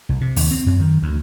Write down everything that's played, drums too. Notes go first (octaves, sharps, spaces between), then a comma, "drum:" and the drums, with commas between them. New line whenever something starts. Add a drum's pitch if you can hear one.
C2
C3
D#2, drum: open hi-hat
C4
F#2
D#3
D2